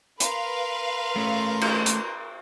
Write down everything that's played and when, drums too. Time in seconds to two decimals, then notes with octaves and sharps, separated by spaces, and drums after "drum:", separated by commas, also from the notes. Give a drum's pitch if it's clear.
0.20 A#4 B4 F5 C6, drum: hi-hat
1.16 A3 C#4
1.61 drum: cymbal
1.86 drum: hi-hat